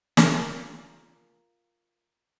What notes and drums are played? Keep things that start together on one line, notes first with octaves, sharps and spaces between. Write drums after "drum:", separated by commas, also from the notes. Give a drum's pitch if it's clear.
F4 A#4, drum: snare